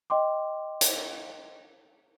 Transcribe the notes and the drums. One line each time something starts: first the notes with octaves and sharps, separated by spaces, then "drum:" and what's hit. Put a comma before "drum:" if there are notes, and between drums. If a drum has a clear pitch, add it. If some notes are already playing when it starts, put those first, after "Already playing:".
D#5 G5 C6 D6
drum: hi-hat